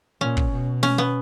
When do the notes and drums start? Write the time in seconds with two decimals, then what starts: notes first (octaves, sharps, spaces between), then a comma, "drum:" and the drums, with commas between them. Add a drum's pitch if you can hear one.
0.21 A#2 C#4
0.37 drum: kick
0.52 B2
0.83 C#4, drum: snare
0.98 B3